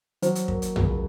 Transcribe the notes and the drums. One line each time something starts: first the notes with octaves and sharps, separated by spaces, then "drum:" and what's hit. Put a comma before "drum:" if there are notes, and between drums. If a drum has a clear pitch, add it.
F#3 C5, drum: hi-hat
drum: hi-hat
A#3, drum: kick
drum: hi-hat
C#2, drum: tom